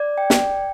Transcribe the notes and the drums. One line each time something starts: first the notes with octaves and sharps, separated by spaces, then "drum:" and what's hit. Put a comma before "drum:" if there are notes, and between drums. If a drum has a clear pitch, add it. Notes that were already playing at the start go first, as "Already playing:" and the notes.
Already playing: D5
G5
drum: snare